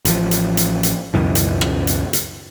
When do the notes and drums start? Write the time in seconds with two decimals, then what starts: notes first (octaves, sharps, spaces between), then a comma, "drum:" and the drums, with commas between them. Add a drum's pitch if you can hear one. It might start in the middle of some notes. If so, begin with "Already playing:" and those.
0.05 A1 F3, drum: hi-hat
0.31 drum: hi-hat
0.57 drum: hi-hat
0.83 drum: hi-hat
1.14 C#2 F#2 B2 E3
1.35 drum: hi-hat
1.61 drum: rim click
1.87 drum: hi-hat
2.13 drum: hi-hat